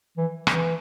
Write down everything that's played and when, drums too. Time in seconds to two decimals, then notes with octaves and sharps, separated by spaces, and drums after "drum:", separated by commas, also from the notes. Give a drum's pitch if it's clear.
0.17 E3
0.47 E3, drum: rim click